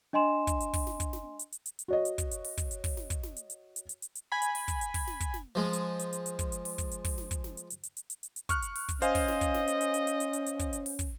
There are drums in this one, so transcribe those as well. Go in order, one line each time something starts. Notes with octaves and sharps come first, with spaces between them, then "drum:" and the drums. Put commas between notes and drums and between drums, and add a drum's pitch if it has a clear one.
D4 D#5 G#5 C6 E7
drum: kick, hi-hat
drum: hi-hat
drum: kick, open hi-hat
drum: snare
drum: kick, hi-hat
drum: snare
drum: hi-hat
drum: hi-hat
drum: hi-hat
drum: hi-hat
F#4 C#5 D#5
drum: hi-hat
drum: kick, hi-hat
drum: hi-hat
drum: open hi-hat
drum: kick, hi-hat
drum: hi-hat
drum: kick, open hi-hat
drum: snare
drum: kick, hi-hat
drum: snare
drum: hi-hat
drum: hi-hat
drum: hi-hat
drum: hi-hat
drum: hi-hat
drum: hi-hat
G#5 B5
drum: hi-hat
drum: open hi-hat
drum: kick, hi-hat
drum: hi-hat
drum: kick, open hi-hat
drum: snare
drum: kick, hi-hat
drum: snare
F3 G#3
drum: hi-hat
drum: hi-hat
drum: hi-hat
drum: hi-hat
drum: kick, hi-hat
drum: hi-hat
drum: open hi-hat
drum: kick, hi-hat
drum: hi-hat
drum: kick, open hi-hat
drum: snare
drum: kick, hi-hat
drum: snare
drum: hi-hat
drum: hi-hat
drum: hi-hat
drum: hi-hat
drum: hi-hat
drum: hi-hat
drum: hi-hat
C#6 F6 F#6, drum: kick, hi-hat
drum: hi-hat
drum: open hi-hat
drum: kick, hi-hat
C#4 C5 D#5 F5 G#5, drum: hi-hat
drum: kick, open hi-hat
drum: snare
drum: kick, hi-hat
drum: snare
drum: hi-hat
drum: hi-hat
drum: hi-hat
drum: hi-hat
drum: hi-hat
drum: hi-hat
drum: hi-hat
drum: kick, hi-hat
drum: hi-hat
drum: open hi-hat
drum: kick, hi-hat